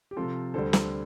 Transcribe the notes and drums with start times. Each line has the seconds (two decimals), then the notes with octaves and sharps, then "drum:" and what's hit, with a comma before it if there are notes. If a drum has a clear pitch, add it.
0.11 G4
0.16 C3 F3 C4 F4 A4
0.54 D2 D3 G3 A4 C5
0.73 drum: snare